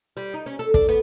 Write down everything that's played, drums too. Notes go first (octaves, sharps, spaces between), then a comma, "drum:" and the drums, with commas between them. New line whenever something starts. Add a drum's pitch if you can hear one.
G3
D#4
C#4
A4
D4, drum: kick
B3